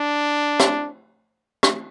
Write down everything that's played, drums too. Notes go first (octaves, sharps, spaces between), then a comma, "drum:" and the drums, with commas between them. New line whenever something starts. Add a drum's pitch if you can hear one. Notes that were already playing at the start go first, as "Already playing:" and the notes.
Already playing: D4
drum: rim click
drum: rim click